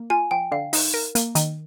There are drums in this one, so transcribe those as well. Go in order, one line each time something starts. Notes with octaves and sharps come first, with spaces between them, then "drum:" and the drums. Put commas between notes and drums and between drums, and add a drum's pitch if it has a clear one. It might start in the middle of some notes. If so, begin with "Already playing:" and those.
Already playing: A#3
F4 G#5
F3 G5
D3 F5
D#4, drum: open hi-hat
A#4
A#3, drum: hi-hat
D#3, drum: hi-hat